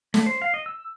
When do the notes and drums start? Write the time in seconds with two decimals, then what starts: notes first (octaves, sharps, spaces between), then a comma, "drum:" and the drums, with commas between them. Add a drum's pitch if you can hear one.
0.14 A3, drum: snare
0.26 C5
0.42 F5
0.54 D#5
0.66 E6